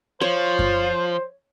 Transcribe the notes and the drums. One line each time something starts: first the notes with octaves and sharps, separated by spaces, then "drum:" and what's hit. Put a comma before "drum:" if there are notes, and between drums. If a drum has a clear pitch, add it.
F3 F4 C5 C#5
drum: kick F#2